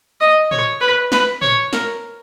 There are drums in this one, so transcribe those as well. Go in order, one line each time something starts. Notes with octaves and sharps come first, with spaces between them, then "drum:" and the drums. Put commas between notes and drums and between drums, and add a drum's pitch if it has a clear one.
D#5
C#5, drum: tom A2
B4
B4, drum: snare
C#5, drum: tom A2
A#4, drum: snare